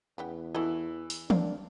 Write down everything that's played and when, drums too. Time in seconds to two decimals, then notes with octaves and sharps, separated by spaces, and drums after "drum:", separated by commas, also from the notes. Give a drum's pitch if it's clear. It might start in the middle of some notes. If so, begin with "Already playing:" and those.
0.18 E2 C#3 B3 G5
0.55 E3 F#4 A4 D#5
1.10 drum: open hi-hat
1.30 C4 D4 A#4 F5, drum: tom